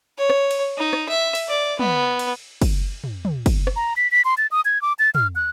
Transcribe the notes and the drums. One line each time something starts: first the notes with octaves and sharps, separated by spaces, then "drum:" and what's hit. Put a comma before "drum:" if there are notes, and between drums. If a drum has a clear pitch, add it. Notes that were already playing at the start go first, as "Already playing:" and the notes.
C#5
drum: rim click
drum: cymbal
D#4
drum: rim click
E5
drum: cymbal
D5
B3, drum: tom
drum: cymbal
drum: kick, cymbal
drum: tom
drum: tom
drum: kick, cymbal
drum: rim click
A#5
B6
B6
C6
A6
D#6
G#6
D6
A6
F6, drum: tom
F#6